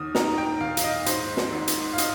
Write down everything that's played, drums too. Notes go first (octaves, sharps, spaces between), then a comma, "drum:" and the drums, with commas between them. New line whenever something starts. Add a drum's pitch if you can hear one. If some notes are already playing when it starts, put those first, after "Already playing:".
Already playing: D#2 D#3 D#6 F6
D#3 A#5, drum: snare
G5
D#2 F5
F5, drum: hi-hat
D#5
G#2 C5, drum: hi-hat
drum: snare
G#1
drum: hi-hat
F5
D#5, drum: hi-hat